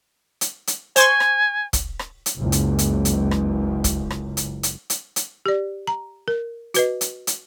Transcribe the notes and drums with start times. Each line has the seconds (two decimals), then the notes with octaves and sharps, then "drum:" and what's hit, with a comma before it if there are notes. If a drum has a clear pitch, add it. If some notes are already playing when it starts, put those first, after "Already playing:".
0.41 drum: hi-hat
0.67 drum: hi-hat
0.96 C5 G#5 C6 C#6, drum: hi-hat
1.20 drum: rim click
1.73 drum: kick, hi-hat
1.99 drum: rim click
2.26 drum: hi-hat
2.37 F#1 C#2
2.52 drum: hi-hat
2.79 drum: hi-hat
3.05 drum: hi-hat
3.31 drum: rim click
3.84 drum: kick, hi-hat
4.10 drum: rim click
4.37 drum: hi-hat
4.63 drum: hi-hat
4.90 drum: hi-hat
5.16 drum: hi-hat
5.46 G4 D5
5.87 A#5
6.28 A#4
6.74 F#4 B4 D#5, drum: hi-hat
7.01 drum: hi-hat
7.27 drum: hi-hat